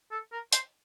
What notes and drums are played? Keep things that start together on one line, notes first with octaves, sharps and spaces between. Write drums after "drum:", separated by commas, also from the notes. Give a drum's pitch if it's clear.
A4
A#4
C5, drum: hi-hat